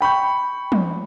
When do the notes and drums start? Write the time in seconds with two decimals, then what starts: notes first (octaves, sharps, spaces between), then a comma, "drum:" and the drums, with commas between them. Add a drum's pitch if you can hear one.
0.01 G5 B5 C#6 G6
0.72 drum: tom